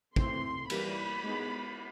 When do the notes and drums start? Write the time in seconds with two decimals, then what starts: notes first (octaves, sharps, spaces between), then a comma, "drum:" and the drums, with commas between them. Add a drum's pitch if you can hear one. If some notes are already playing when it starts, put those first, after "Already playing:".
0.16 E3 A3 C4 C6, drum: kick
0.70 E3 G3 A#3 B5, drum: cymbal
1.24 G#3 B3 D#4